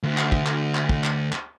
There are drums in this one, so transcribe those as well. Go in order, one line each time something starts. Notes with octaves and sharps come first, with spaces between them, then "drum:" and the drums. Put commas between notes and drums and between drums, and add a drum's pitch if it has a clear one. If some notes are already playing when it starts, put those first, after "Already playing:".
D2
drum: clap
drum: kick
drum: clap
drum: clap
drum: kick
drum: clap
drum: clap